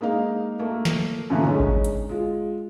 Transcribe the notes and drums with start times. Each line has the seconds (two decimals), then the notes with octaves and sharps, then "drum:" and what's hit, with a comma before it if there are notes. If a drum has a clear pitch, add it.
0.01 G#3 A#3 D#4 F5
0.59 A3 A#3
0.85 drum: snare
1.30 F#2 A#2 D3 E3 F3 A3
1.45 G#3 C#4 D#4
1.60 drum: kick G#1
1.84 drum: hi-hat
2.09 G#3 F4